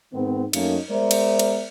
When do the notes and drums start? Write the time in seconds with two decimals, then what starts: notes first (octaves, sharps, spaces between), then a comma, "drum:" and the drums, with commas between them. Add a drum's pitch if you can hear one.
0.14 G#2 D#3 B3 C4
0.53 F#2 A3 A#3 C#4 D#4, drum: cymbal
0.90 G#3 B3 A#4 C5 D5 E5
1.11 drum: cymbal
1.39 drum: cymbal